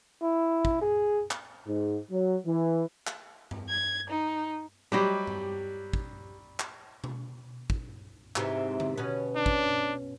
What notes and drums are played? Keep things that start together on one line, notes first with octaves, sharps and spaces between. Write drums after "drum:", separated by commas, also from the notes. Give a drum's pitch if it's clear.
E4
drum: kick
G#4
drum: clap
G#2
F#3
E3
drum: clap
drum: tom G2
G#6
D#4
F#3 G3 G4 C5 D#5
drum: tom G2
drum: kick
drum: clap
drum: tom B2
drum: kick
G#2 C3 E3, drum: clap
drum: tom D3
B2 C#4 B4
D4
drum: kick